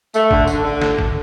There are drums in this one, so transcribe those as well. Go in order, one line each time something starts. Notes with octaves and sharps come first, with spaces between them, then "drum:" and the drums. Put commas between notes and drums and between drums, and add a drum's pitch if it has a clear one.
A3, drum: tambourine
D3, drum: kick
D3, drum: tambourine
D3
drum: snare
drum: kick